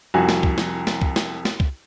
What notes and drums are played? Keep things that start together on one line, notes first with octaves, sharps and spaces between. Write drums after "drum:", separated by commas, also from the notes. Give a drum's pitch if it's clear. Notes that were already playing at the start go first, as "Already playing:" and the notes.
C2 F2 F#4 G#5
drum: snare
drum: kick
drum: snare
drum: snare
drum: kick
drum: snare
drum: snare
drum: kick